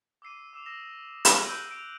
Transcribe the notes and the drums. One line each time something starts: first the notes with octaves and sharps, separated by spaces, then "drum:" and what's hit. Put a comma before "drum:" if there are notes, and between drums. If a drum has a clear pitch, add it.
D6 E6 C7 D#7
D6 E6 E7 F7
D#6 E6 A#6 E7
F#7, drum: hi-hat
E6 F#6 G6 D7 D#7 F#7
D7 F7